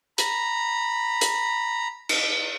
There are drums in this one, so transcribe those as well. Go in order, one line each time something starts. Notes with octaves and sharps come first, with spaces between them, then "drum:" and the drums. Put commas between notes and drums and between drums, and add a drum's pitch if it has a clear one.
A#5 B5, drum: hi-hat
drum: hi-hat
drum: cymbal